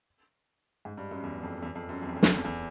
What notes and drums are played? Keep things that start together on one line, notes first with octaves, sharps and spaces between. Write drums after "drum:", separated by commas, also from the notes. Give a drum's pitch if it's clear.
G#2
G2
F#2
E2
F2
E2
F2
F#2
E2
F2
E2
F2, drum: snare
E2
F2
E2